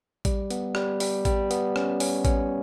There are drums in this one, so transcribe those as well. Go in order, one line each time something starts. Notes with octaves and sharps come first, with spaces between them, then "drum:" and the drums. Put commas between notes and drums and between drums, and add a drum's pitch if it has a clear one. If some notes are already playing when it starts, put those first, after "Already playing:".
G3, drum: kick A1, hi-hat
B3, drum: hi-hat
G3, drum: rim click
G3, drum: open hi-hat
G3, drum: kick A1, hi-hat
B3, drum: hi-hat
C#4, drum: rim click
C#4, drum: open hi-hat
C#4, drum: kick A1, hi-hat